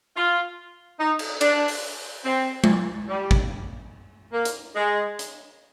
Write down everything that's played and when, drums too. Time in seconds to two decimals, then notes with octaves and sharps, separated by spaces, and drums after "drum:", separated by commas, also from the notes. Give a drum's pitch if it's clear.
0.16 F4
1.00 D#4
1.19 drum: cymbal
1.41 D4, drum: cymbal
1.68 drum: open hi-hat
2.25 C4
2.64 drum: tom G#3
3.09 G3
3.31 drum: kick G#1
4.33 A#3
4.45 drum: hi-hat
4.75 G#3
5.19 drum: hi-hat